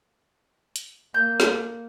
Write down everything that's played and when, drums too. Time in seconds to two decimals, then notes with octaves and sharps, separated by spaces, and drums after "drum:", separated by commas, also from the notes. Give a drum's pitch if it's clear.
0.76 drum: hi-hat
1.14 A#3 G6
1.40 drum: snare